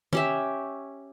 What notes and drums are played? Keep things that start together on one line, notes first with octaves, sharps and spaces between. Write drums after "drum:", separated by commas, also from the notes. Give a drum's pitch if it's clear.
C#4 G4 E5, drum: tom D#3